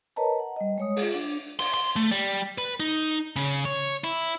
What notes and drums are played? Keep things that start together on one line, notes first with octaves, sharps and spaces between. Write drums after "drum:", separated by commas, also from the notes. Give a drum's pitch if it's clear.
A#4 B4 C#5 D#5 A5 A#5
F#5
G3 D#5
G#3 C#5 D#6
F4 G#4, drum: open hi-hat
D4
C6, drum: open hi-hat
C6
A3
G3
B4
D#4
C#3
C#5
E4